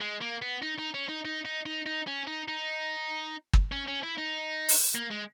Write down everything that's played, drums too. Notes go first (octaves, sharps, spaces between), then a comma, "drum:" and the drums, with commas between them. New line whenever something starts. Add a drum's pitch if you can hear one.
G#3
A#3
B3
D#4
D#4
C#4
D#4
D#4
D#4
D#4
D#4
C#4
D#4
D#4
drum: kick
C#4
C#4
E4
D#4
drum: open hi-hat
A#3
G#3